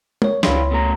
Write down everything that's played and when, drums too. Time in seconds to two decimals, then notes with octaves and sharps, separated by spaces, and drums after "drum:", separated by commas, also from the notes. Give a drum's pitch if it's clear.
0.22 A#4 C#5, drum: tom G#3
0.43 C#2 G3 E4 F4 C#5 C6, drum: snare
0.71 B2 A3 A#5